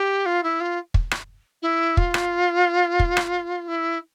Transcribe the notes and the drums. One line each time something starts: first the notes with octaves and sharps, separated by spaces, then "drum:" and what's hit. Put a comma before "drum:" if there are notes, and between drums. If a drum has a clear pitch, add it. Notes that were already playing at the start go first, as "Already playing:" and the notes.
Already playing: G4
F4
E4
F4
drum: kick
drum: rim click
E4
F4, drum: kick
drum: rim click
drum: kick
drum: rim click
E4